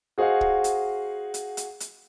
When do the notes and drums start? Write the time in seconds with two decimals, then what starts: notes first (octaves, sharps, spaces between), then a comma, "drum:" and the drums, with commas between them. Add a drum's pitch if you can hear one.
0.18 F#4 G#4 C5 D#5 F5 F#5
0.41 drum: kick
0.64 drum: hi-hat
1.34 drum: hi-hat
1.57 drum: hi-hat
1.80 drum: hi-hat